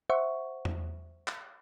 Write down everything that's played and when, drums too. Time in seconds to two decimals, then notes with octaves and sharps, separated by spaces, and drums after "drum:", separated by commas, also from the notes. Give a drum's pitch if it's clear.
0.10 C5 E5 F#5 C#6
0.65 drum: tom E2
1.28 drum: clap